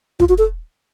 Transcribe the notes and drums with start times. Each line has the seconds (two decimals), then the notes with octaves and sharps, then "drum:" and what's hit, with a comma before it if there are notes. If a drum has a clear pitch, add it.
0.20 F4, drum: kick
0.29 F#4
0.38 A4